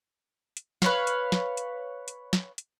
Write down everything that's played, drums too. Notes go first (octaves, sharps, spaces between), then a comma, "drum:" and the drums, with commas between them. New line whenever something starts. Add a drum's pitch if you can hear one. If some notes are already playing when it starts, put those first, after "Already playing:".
drum: hi-hat
B4 C#5 F5, drum: snare
drum: hi-hat
drum: snare
drum: hi-hat
drum: hi-hat
drum: snare
drum: hi-hat